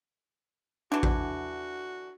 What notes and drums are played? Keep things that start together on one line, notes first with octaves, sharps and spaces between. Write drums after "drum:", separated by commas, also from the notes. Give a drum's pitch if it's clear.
D3 E3 D4 F#4
drum: kick A1